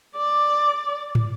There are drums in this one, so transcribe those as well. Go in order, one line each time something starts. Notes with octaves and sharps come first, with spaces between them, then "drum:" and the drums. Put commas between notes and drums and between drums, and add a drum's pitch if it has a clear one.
D5
drum: tom